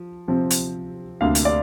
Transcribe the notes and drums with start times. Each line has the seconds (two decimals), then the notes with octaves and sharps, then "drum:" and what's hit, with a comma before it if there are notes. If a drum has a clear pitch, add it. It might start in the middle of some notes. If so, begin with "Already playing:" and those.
Already playing: F3
0.28 C3 F3 C4
0.50 drum: hi-hat
1.21 D2 C3 A#3 D4 F5
1.35 drum: hi-hat
1.45 D5